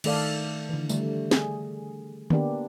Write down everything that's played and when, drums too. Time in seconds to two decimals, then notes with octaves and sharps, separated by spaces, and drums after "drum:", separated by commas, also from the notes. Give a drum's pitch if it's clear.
0.04 D#3 A3 A4 D5 F5, drum: cymbal
0.69 D3 E3
0.89 D3 G3 A3, drum: tambourine
1.31 G#4, drum: snare
2.30 A#3 B3 D4 G4, drum: tom D3